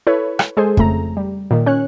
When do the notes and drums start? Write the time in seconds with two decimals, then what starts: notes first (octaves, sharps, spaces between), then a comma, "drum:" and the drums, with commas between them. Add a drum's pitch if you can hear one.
0.07 E4 A4 B4 C#5
0.39 drum: rim click
0.57 G#3 G#4 A4 C5
0.77 F2 C#3 A3 A#5, drum: kick
1.17 G3
1.51 A#2 D#3
1.66 C#4 C#5 F#6